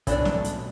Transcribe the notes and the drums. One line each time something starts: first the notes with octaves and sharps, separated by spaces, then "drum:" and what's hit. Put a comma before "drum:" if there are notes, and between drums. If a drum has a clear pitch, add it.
B2 E3 D4 A4 D5, drum: kick, hi-hat
A2, drum: snare
B2, drum: hi-hat